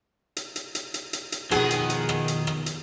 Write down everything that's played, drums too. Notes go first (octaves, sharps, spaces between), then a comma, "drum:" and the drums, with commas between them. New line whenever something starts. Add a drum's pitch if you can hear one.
drum: hi-hat
drum: hi-hat
drum: hi-hat
drum: hi-hat
drum: hi-hat
drum: hi-hat
B2 D#3 F3 B3 G#4, drum: rim click
drum: hi-hat
drum: hi-hat
drum: rim click
drum: hi-hat
drum: rim click
drum: hi-hat